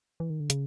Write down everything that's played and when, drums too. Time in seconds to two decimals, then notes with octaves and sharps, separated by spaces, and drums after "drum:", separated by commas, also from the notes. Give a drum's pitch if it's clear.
0.20 E3
0.30 D#3
0.40 D3
0.50 C#3, drum: hi-hat